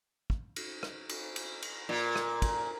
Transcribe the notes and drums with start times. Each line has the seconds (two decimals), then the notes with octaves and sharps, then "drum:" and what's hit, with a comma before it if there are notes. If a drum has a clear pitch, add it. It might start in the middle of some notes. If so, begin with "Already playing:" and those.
0.30 drum: kick
0.56 drum: cymbal
0.83 drum: rim click
1.09 drum: cymbal
1.36 drum: cymbal
1.62 drum: cymbal
1.89 A#2
2.16 drum: rim click
2.42 drum: kick, cymbal